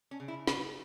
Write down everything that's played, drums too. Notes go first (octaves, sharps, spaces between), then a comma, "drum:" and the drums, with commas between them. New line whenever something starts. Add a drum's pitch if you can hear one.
C#4
C#3
E4
C#3 B4, drum: snare